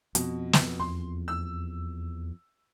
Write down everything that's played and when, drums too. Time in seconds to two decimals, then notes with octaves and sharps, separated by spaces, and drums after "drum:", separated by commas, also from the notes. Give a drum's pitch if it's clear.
0.15 F2 B2, drum: hi-hat
0.53 drum: snare
0.80 E2 C6
1.28 E6